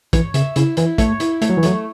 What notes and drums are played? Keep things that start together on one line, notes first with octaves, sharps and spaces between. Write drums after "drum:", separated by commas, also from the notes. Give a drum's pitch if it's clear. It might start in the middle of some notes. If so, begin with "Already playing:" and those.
E3 C#5, drum: kick, hi-hat
C#3 E5, drum: hi-hat
C#3 E4, drum: hi-hat
E3 E4, drum: hi-hat
A3 C#5, drum: kick, hi-hat
E4, drum: hi-hat
A3 C#5, drum: hi-hat
F#3
E3
F#3 A3, drum: hi-hat